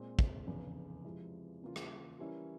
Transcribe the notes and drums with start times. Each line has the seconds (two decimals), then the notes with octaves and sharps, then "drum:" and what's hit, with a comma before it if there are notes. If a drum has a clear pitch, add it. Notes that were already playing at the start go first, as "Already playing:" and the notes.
Already playing: A#2 G#3 C4
0.19 drum: kick
0.47 F1 E2 C#3
1.04 F2 C3 F3 G#3 E4
1.62 C#3 E3 A#3 C#4 F4
1.76 drum: rim click
2.19 E3 G3 C#4 E4 A#4